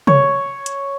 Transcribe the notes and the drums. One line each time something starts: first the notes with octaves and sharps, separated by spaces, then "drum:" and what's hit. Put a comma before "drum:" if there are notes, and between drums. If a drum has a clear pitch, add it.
C#5, drum: tom C3
drum: hi-hat